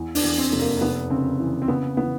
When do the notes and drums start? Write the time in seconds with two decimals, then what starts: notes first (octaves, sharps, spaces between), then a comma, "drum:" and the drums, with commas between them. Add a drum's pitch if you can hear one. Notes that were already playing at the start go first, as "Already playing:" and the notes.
Already playing: E2 E3
0.15 D4, drum: open hi-hat
0.23 E2
0.38 C4
0.52 F1
0.59 A#3
0.77 A#3
0.81 F1 B3
1.10 C#3 C4
1.40 E3
1.62 C4
1.68 C#3 B3
1.97 E3 B3